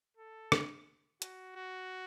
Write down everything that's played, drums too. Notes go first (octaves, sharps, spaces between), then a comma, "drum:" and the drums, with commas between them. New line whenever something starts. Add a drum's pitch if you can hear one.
A4
drum: rim click
F#4, drum: hi-hat
F#4